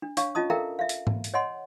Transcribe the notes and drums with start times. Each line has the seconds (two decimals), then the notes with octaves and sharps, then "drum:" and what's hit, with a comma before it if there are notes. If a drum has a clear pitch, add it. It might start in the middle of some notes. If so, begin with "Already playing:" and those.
0.02 D4
0.17 D4 C#5 F5 C#6, drum: hi-hat
0.35 C#4 F4 D#5 A5 D#6
0.50 A4 A#4 E5 F5 G5 A#5
0.79 E5 F5
0.89 drum: hi-hat
1.07 drum: tom G#2
1.24 drum: hi-hat
1.34 C#5 D#5 F#5 G#5 C6